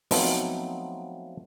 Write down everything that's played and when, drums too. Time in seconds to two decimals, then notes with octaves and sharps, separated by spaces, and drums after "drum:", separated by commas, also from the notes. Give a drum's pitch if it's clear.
0.11 F3 F#3 A3 B3 C4 D#4, drum: open hi-hat